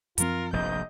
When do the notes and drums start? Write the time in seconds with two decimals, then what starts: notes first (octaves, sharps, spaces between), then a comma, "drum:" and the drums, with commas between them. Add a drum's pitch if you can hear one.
0.18 F#2 F3 C4 F4 A#4, drum: hi-hat
0.53 F1 A#1 G2 D#5 G6